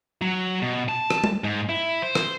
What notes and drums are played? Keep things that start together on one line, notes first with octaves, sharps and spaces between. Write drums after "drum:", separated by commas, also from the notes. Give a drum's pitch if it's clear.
F#3
B2
A5
drum: rim click
drum: tom G3
G#2
E4
C5
drum: rim click